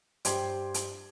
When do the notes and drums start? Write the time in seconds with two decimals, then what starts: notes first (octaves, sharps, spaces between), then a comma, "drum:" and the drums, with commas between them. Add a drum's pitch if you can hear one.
0.25 G2 G4 C5 C6 G#6, drum: hi-hat
0.74 drum: hi-hat